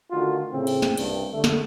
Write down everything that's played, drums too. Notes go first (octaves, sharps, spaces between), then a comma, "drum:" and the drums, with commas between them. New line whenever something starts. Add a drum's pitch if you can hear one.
D3 D#3 A3 D4 F4 F#4
A2 C#3 C4
drum: cymbal
drum: snare
C2 G2, drum: cymbal
D3 A3
drum: snare